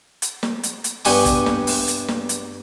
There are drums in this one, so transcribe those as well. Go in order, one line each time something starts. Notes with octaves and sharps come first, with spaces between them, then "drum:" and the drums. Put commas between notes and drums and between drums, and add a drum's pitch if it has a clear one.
drum: hi-hat
drum: snare
drum: hi-hat
drum: hi-hat
G2 B3 G4 G#5 C#6, drum: open hi-hat
drum: kick, hi-hat
drum: snare
drum: open hi-hat
drum: hi-hat
drum: snare
drum: hi-hat